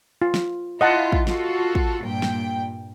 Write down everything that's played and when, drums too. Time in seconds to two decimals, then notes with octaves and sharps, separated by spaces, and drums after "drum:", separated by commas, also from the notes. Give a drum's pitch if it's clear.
0.22 F4
0.34 drum: snare
0.81 E4 F4 D#5 F#5 A5
1.12 drum: kick
1.27 F4 F#4 A4, drum: snare
1.75 drum: kick
2.02 G2 A#2 G5
2.22 drum: snare